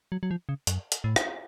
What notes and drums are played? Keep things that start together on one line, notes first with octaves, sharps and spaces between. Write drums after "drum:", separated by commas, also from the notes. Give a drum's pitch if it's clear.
F#3
F#3
F3
C#3
F#2, drum: hi-hat
drum: hi-hat
A2
drum: rim click